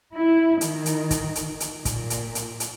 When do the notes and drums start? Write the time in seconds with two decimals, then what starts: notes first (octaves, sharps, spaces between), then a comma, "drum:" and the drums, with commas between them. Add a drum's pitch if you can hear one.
0.15 E4
0.61 D#3, drum: hi-hat
0.86 drum: hi-hat
1.11 drum: kick, hi-hat
1.35 drum: hi-hat
1.60 drum: hi-hat
1.85 A#2, drum: kick, hi-hat
2.10 drum: hi-hat
2.35 drum: hi-hat
2.60 drum: hi-hat